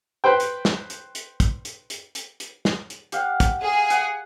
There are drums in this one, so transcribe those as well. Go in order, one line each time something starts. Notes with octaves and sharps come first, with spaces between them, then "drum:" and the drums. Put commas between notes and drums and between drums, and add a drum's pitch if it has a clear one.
B4 C5 G5
drum: hi-hat
drum: snare
drum: hi-hat
drum: hi-hat
drum: kick, hi-hat
drum: hi-hat
drum: hi-hat
drum: hi-hat
drum: hi-hat
drum: snare
drum: hi-hat
G4 F5 F#5, drum: hi-hat
drum: kick, hi-hat
G#4
F#5, drum: hi-hat